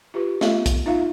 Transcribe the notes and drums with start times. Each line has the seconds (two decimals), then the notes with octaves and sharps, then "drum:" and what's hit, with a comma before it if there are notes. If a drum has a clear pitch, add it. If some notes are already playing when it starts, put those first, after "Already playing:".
0.14 F4 G4 B4
0.41 A3 B3 F4 A4 F5, drum: snare
0.66 drum: kick, hi-hat
0.86 D#4 F4 E5 F5